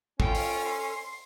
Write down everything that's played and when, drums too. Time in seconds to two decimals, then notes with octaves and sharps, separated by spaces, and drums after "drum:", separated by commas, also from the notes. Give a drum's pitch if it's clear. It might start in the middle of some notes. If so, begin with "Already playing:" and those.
0.20 C#4 F4 A4 G5, drum: kick
0.35 drum: open hi-hat
0.63 C6